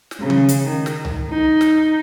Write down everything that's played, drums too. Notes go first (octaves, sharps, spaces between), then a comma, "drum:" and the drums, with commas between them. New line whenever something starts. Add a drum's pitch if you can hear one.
drum: snare
C#3
drum: tom D#3
drum: hi-hat
D#3
drum: snare
drum: tom C2
D#4
drum: snare